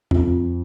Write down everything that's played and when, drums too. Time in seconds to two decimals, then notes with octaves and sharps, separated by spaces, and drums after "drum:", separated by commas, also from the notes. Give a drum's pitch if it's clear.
0.11 F2, drum: tom E2